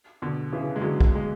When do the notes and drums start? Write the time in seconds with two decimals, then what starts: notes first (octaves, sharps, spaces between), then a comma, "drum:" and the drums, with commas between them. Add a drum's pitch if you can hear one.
0.22 B2 D3
0.52 C#3 E3
0.76 G#3
0.81 D3 F#3
1.01 drum: kick
1.15 G#3